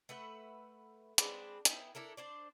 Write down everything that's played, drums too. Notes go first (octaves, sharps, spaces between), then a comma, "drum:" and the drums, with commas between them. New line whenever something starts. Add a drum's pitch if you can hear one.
A3 B4 E5 F#5
G#3 C4 D4 B4, drum: hi-hat
B3 E4 G5, drum: hi-hat
D4 E4 A4 A#4
D4 C5 D5